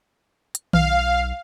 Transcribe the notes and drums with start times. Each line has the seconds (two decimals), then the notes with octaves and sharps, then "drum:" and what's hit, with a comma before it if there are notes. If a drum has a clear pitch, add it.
0.55 drum: hi-hat
0.73 B1 F5, drum: tom D#3